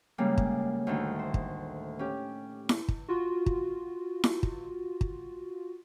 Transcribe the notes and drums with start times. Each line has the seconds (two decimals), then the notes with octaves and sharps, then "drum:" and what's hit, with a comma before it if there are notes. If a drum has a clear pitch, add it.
0.18 A2 C#3 G3 G#3 A#3
0.38 drum: kick
0.87 D2 A2 D#3
1.19 C5
1.34 drum: kick
1.99 C#4 G4
2.69 drum: snare E4
2.88 drum: kick
3.08 F4 F#4
3.46 drum: kick
4.24 drum: snare E4
4.43 drum: kick
5.01 drum: kick